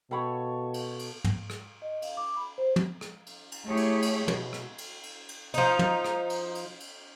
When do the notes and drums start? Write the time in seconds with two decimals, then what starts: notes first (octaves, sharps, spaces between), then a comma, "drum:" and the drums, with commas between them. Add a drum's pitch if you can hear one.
0.11 B2 A4 C#5 F5 G5 B5
0.74 drum: cymbal
0.99 drum: cymbal
1.24 drum: tom
1.50 drum: rim click
1.82 D#5
2.02 F5, drum: cymbal
2.17 D6
2.36 B5
2.58 C5
2.76 drum: tom
3.01 drum: rim click
3.27 drum: cymbal
3.52 drum: cymbal
3.68 A3 E4 G4 G#4 C#5
3.77 drum: cymbal
4.02 drum: cymbal
4.28 B2, drum: tom
4.53 drum: rim click
4.78 drum: cymbal
5.03 drum: cymbal
5.29 drum: cymbal
5.54 F3 D#4, drum: cymbal
5.79 drum: tom
6.04 drum: rim click
6.30 drum: cymbal
6.55 drum: cymbal
6.80 drum: cymbal